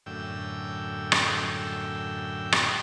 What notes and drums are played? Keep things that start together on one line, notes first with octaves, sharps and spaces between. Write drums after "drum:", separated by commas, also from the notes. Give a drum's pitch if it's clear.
F#2 A2 D3 G5 E6
drum: rim click
drum: rim click